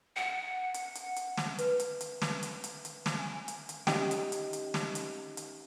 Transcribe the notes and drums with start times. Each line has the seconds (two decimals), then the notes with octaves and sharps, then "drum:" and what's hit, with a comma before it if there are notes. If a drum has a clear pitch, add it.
0.17 F#5
0.74 drum: hi-hat
0.95 drum: hi-hat
1.16 drum: hi-hat
1.37 drum: snare
1.59 B4, drum: hi-hat
1.80 drum: hi-hat
2.01 drum: hi-hat
2.22 drum: snare
2.43 drum: hi-hat
2.64 drum: hi-hat
2.85 drum: hi-hat
3.06 drum: snare
3.19 G#5
3.48 drum: hi-hat
3.69 drum: hi-hat
3.87 C#4 D#4 G4 D#5 G5, drum: snare
4.11 drum: hi-hat
4.32 drum: hi-hat
4.53 drum: hi-hat
4.74 drum: snare
4.95 drum: hi-hat
5.37 drum: hi-hat